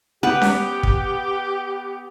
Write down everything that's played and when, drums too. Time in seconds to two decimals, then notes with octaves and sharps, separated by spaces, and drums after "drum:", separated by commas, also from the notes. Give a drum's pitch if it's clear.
0.23 B3 G4 B4 F#5 G5
0.41 drum: snare C#4
0.83 drum: kick